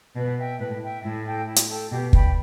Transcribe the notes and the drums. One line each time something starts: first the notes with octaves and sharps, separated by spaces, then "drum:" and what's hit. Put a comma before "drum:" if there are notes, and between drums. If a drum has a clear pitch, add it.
B2 B4
E5 G5
A2 B4
E5 G5
A2 E4
A4 G5
E4
drum: hi-hat
A4 G5
B2 G4
D5 G5 B5, drum: kick